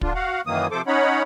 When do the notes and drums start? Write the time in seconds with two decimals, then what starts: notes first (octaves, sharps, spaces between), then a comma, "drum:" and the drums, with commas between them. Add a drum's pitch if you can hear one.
0.01 D3 D4 F4, drum: kick
0.15 F#4 F5 F#5
0.46 F#2 D#3 E3 F#3 A#3 D#6
0.71 C3 F3 A4 C5 D6
0.87 C#4 D#4 C#5 F#5 B5